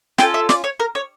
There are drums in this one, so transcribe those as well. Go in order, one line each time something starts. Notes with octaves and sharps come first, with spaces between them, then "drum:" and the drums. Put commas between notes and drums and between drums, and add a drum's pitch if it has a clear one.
C#4 F4 A4 G5, drum: snare
E5
D5, drum: snare
C#5
A#4
C#5